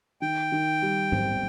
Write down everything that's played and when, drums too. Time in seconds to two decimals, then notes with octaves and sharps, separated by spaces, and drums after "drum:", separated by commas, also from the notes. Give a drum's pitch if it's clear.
0.21 D#3 G5
0.52 D#3
0.82 G3
1.12 C4, drum: tom G#2